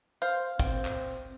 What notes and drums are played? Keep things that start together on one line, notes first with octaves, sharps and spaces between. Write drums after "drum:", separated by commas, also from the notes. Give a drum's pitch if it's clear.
C5 F5
C4 G5, drum: kick, tambourine
drum: clap
drum: tambourine